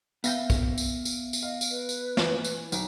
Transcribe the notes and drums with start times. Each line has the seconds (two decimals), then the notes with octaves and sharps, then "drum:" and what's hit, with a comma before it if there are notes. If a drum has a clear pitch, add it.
0.24 B3 E5 F5 G5 A#6, drum: tambourine
0.50 drum: kick, tambourine
0.78 drum: tambourine
1.05 drum: tambourine
1.33 drum: tambourine
1.43 D#5 F5
1.61 drum: tambourine
1.70 B4
1.89 drum: tambourine
2.17 E3, drum: snare
2.44 drum: tambourine
2.72 B1, drum: tambourine